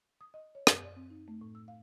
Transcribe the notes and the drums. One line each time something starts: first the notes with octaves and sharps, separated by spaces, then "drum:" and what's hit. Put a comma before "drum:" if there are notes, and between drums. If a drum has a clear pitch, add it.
D#6
D#5
C#5
F#2, drum: rim click
D5
C4
D#4
A3
A2
E6
F5